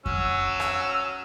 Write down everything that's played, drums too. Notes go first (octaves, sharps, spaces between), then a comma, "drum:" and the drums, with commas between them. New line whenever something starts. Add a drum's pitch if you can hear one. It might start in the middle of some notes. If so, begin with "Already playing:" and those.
F#3 C#4 E6, drum: kick F2
drum: rim click